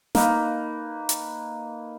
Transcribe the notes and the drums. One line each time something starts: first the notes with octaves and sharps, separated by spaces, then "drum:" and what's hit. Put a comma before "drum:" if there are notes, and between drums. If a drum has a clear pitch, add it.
A#3 D#4 B4, drum: snare
drum: hi-hat